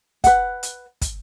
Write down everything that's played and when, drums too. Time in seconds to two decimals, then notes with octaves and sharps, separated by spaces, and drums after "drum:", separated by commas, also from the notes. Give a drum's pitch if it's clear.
0.24 B4 F#5, drum: kick, hi-hat
0.63 drum: hi-hat
1.02 drum: kick, hi-hat